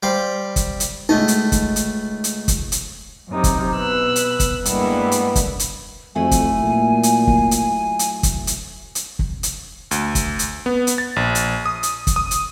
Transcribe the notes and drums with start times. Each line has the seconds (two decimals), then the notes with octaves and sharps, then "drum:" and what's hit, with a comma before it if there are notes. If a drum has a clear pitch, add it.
0.03 G3 C5 F5
0.56 drum: kick, hi-hat
0.80 drum: hi-hat
1.09 C#2 A3 D#4 D#5
1.28 drum: hi-hat
1.52 drum: kick, hi-hat
1.76 drum: hi-hat
2.24 drum: hi-hat
2.48 drum: kick, hi-hat
2.72 drum: hi-hat
3.28 F#2 C3 D#4
3.44 drum: kick, hi-hat
3.74 B2 B4 E6 F#6
4.16 drum: hi-hat
4.40 drum: kick, hi-hat
4.65 G2 G3 G#3 A#3 B3 E4, drum: hi-hat
5.12 drum: hi-hat
5.36 drum: kick, hi-hat
5.59 drum: hi-hat
6.15 F2 F#3 A3 E4 G#5
6.31 drum: kick, hi-hat
6.60 A#2
7.03 drum: hi-hat
7.27 drum: kick
7.51 drum: hi-hat
7.99 drum: hi-hat
8.23 drum: kick, hi-hat
8.47 drum: hi-hat
8.95 drum: hi-hat
9.19 drum: kick
9.43 drum: hi-hat
9.91 D2, drum: hi-hat
10.15 drum: kick, hi-hat
10.39 drum: hi-hat
10.66 B3
10.87 drum: hi-hat
10.98 A6
11.16 A#1
11.35 drum: hi-hat
11.66 D#6
11.83 drum: hi-hat
12.07 drum: kick, hi-hat
12.16 D#6
12.31 drum: hi-hat